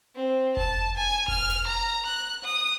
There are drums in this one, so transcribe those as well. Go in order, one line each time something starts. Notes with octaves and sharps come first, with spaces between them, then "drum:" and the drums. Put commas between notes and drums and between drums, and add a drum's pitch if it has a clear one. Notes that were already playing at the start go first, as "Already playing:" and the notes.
C4
A5, drum: kick F1
G#5
F6, drum: kick F1
drum: snare
A#5
F#6
D#6